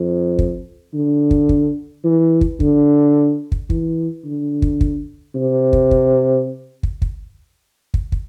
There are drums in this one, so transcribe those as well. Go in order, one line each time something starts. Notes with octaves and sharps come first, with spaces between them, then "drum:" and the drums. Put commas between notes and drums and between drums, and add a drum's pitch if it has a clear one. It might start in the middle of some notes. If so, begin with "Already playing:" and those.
Already playing: F2
drum: kick
D3
drum: kick
drum: kick
E3
drum: kick
D3, drum: kick
drum: kick
E3, drum: kick
D3
drum: kick
drum: kick
C3
drum: kick
drum: kick
drum: kick
drum: kick
drum: kick
drum: kick